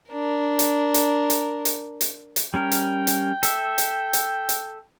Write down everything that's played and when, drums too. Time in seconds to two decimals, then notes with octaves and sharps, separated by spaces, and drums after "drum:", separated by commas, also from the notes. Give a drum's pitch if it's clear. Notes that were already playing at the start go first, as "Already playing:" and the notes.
0.10 D4 A#4
0.59 drum: hi-hat
0.94 drum: hi-hat
1.30 drum: hi-hat
1.65 drum: hi-hat
2.01 drum: hi-hat
2.36 drum: hi-hat
2.54 G3 C#4 A#4 G5
2.71 drum: hi-hat
3.07 drum: hi-hat
3.43 A4 E5, drum: hi-hat
3.78 drum: hi-hat
4.13 drum: hi-hat
4.49 drum: hi-hat